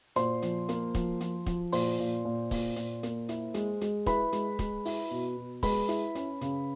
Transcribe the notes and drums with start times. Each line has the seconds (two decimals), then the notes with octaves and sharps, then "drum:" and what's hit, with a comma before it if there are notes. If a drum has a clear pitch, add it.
0.16 A#2 C5 C6, drum: hi-hat
0.42 F3, drum: hi-hat
0.69 A#3, drum: hi-hat
0.95 F3, drum: kick, hi-hat
1.21 F3, drum: hi-hat
1.46 F3, drum: kick, hi-hat
1.72 A#2 C5 C6, drum: open hi-hat
1.99 A#2
2.25 A#2
2.51 A#2, drum: kick, open hi-hat
2.76 A#2, drum: hi-hat
3.03 A#3, drum: hi-hat
3.29 E4, drum: hi-hat
3.54 G#3, drum: hi-hat
3.81 G#3, drum: hi-hat
4.06 E4 B4 B5, drum: kick, hi-hat
4.33 G#3, drum: hi-hat
4.59 G#3, drum: kick, hi-hat
4.85 E4, drum: open hi-hat
5.11 B2
5.37 B2
5.63 G#3 B4 B5, drum: kick, open hi-hat
5.88 E4, drum: hi-hat
6.15 C#4, drum: hi-hat
6.41 C#3, drum: hi-hat